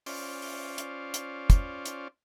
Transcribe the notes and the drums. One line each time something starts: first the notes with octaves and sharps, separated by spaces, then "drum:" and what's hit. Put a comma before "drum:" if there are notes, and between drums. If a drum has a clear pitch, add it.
C#4 F4 C5 D5, drum: open hi-hat
drum: open hi-hat
drum: hi-hat
drum: hi-hat
drum: kick, hi-hat
drum: hi-hat